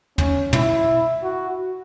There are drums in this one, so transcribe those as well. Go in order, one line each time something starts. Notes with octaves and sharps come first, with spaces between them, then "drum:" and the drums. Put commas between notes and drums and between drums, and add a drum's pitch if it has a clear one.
C#4, drum: tom
E4, drum: tom
F#4